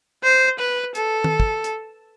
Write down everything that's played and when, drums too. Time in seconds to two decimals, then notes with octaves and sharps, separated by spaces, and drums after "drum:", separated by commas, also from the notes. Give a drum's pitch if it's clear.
0.23 C5
0.59 B4
0.95 A4, drum: hi-hat
1.24 drum: tom D#3
1.40 drum: kick
1.64 drum: hi-hat